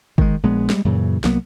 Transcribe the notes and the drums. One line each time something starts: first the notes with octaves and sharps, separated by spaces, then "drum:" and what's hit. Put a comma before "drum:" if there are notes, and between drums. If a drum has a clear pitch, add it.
D#3 G#3, drum: kick
A#1 G#3 B3
G3 G#3, drum: snare
F#2 A#2 C#3 E3
C2 F#3 A#3 B3, drum: snare